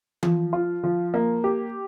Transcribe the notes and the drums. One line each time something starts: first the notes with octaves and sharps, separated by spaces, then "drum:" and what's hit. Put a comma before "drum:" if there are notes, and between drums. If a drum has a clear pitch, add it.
F3, drum: tom E3
F4
F3
A#3
G4